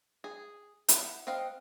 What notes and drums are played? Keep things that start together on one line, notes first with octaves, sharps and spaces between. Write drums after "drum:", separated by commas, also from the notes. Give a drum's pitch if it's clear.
G#4
E4 F#5, drum: hi-hat
C4 D#5 F5 F#5